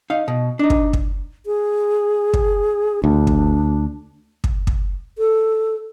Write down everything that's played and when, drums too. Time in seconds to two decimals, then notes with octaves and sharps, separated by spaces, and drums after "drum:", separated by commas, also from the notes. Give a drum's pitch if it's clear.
0.10 D#4 F5
0.28 B2
0.59 D4 D#4
0.70 drum: kick
0.93 drum: kick
1.46 G#4
2.34 drum: kick
3.04 D2 D4
3.27 drum: kick
4.44 drum: kick
4.67 drum: kick
5.18 A4